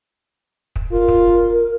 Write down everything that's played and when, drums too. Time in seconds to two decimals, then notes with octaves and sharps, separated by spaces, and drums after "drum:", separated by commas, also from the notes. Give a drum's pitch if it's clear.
0.76 drum: kick
0.92 F4 A#4
1.08 drum: kick